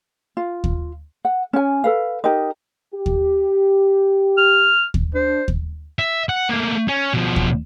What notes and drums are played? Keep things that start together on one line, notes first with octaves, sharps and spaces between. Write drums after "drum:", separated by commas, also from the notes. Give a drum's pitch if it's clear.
F4
drum: kick D#2
F#5
C#4 G#5
A4 B4 F5
D#4 G4 A#4 D#5
G4
drum: kick D#2
F6
drum: kick D#2
D4 C5
drum: kick D#2
E5
F#5
A3 A#3
C#4
B2 F3
drum: kick D#2